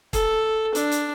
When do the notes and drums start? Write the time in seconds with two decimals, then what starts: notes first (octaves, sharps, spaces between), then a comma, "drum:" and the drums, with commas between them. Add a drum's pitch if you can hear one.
0.13 A4, drum: kick, hi-hat
0.75 D4, drum: hi-hat
0.92 drum: hi-hat